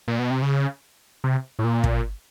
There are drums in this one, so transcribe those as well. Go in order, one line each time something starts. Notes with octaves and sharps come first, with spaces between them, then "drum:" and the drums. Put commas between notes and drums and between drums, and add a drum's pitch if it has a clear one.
A#2
B2
C3
C#3
C3
A2
A#2
drum: kick